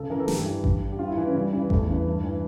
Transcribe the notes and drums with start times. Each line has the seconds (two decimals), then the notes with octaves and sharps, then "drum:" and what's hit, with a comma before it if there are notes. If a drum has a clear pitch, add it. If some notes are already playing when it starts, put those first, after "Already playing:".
Already playing: C#2 A4
0.10 C#3 E3 A#4
0.20 A4
0.28 G2 G4, drum: snare
0.46 E3
0.64 G2, drum: kick A1
0.82 D3
0.92 G4
0.99 G2 F4
1.08 E4
1.17 E3
1.26 C#4
1.35 C#2 G3
1.52 C#3 E3
1.70 E2 A3, drum: kick A1
1.88 C#3 E3
2.06 G2
2.24 E3